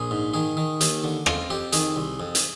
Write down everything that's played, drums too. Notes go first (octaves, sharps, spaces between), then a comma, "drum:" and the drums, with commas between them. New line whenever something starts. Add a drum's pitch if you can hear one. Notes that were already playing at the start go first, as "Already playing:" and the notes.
Already playing: A#1 G#4
G#2
D#3 G#4
D#3
D#2, drum: hi-hat
D3
F2 F4, drum: rim click
F2 G4
D#3 G#4, drum: hi-hat
C2
F2
drum: hi-hat